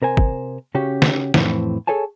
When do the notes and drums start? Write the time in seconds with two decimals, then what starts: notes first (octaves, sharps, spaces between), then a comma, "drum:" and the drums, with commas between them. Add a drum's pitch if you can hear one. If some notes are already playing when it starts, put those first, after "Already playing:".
0.02 C3 A#4 C5 G#5
0.17 drum: kick
0.75 C#3 C#4 F#4 G4
1.02 drum: snare
1.34 F2 A2 E3 C4, drum: snare
1.87 G#4 A4 C#5 G#5 A5